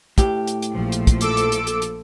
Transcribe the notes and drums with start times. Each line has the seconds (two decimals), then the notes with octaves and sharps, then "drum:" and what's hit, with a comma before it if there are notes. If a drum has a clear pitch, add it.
0.18 A2 G4, drum: kick, hi-hat
0.48 drum: hi-hat
0.62 drum: hi-hat
0.73 A#1 F3 A3
0.92 drum: hi-hat
1.07 drum: kick, hi-hat
1.21 A4 D6 E6 D7, drum: hi-hat
1.37 drum: hi-hat
1.52 drum: hi-hat
1.67 drum: hi-hat
1.82 drum: hi-hat